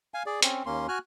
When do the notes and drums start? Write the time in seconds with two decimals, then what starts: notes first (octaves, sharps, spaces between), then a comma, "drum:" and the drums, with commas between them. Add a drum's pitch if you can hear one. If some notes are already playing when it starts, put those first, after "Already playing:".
0.14 F5 G#5
0.26 G#4 D5
0.42 C4 C#4, drum: hi-hat
0.66 D#2 A#3 C#4 C6
0.88 F#4 G#5 F6 F#6